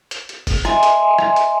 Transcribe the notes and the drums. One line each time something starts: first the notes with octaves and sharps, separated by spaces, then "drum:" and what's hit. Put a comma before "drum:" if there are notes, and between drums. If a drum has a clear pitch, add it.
drum: hi-hat
drum: hi-hat
drum: kick, open hi-hat
D#5 E5 G#5 C6, drum: rim click
drum: hi-hat
drum: rim click
drum: hi-hat